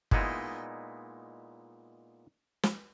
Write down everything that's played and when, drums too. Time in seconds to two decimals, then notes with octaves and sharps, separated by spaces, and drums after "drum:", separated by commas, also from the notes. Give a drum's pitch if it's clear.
0.11 A#2 G#3 B3 D#4 E4, drum: kick
2.63 drum: snare